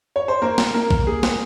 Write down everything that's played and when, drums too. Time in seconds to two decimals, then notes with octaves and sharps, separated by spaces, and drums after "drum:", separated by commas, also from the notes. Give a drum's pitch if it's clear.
0.16 C#5
0.28 C5
0.42 A#3 A#4
0.58 drum: snare
0.74 A#3 A#4
0.90 drum: kick A#1
1.07 G#4
1.23 drum: snare